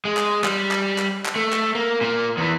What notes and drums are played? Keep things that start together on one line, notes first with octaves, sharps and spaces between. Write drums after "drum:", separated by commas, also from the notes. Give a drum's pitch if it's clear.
G#3
drum: clap
G3, drum: clap
drum: clap
drum: clap
drum: clap
A3
drum: clap
A#3
A#2 A#3
E2 E3